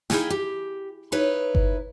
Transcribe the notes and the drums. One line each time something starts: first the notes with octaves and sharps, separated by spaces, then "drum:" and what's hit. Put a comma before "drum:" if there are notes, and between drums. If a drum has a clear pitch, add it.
D#4 E4 F#4 G#4 F5 G5, drum: snare
G4
D#4 E4 B4 C#5
drum: kick G1